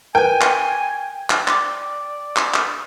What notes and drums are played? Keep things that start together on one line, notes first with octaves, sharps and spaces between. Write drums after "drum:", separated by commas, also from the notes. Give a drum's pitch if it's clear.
A#4 B4 G5 G#5
drum: clap
drum: clap
D5 C6 D6 A6, drum: clap
drum: clap
drum: clap